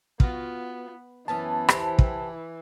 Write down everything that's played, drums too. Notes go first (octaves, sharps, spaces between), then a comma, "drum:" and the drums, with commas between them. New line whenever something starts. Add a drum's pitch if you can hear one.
B3 F4 F#4, drum: kick
F#2 E3 B3 C#4 A5
E4 G4 C5, drum: rim click
drum: kick